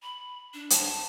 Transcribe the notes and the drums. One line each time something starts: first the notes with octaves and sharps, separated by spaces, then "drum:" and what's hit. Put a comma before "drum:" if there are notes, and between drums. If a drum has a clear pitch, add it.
B5
D4
A5, drum: hi-hat